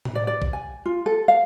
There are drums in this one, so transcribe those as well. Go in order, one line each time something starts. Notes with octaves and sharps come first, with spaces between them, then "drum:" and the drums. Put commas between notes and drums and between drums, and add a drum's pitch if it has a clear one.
drum: tom A2
D5
D5
drum: kick
G#5
F4
A4
F5